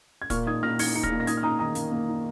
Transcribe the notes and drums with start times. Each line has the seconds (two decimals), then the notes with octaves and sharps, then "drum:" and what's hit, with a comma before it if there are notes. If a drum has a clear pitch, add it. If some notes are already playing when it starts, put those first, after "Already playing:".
0.22 G#6
0.30 A#2 C#6 F6, drum: kick, hi-hat
0.47 D#4 D#6 G#6
0.62 A#2 F6 A#6
0.79 D#4 G#6 C#7, drum: open hi-hat
0.95 D#4 C#7
1.03 F6 A#6, drum: kick
1.11 A#2
1.20 A#6
1.27 D#4 D#6 G#6, drum: hi-hat
1.37 F6
1.43 D#4 A#5 D#6
1.59 D#3 A#5 D#6
1.75 A#3, drum: hi-hat
1.92 A#3
2.08 D#4